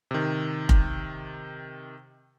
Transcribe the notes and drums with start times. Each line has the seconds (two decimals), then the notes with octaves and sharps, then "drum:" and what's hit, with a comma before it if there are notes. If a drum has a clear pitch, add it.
0.11 C3 D#3
0.69 drum: kick F1